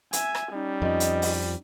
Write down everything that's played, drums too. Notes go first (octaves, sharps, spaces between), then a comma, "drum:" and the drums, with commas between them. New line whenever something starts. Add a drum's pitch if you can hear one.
E5 G#5, drum: hi-hat
drum: rim click
G3 C#4 D#4
F2 F3 D#5
drum: hi-hat
drum: open hi-hat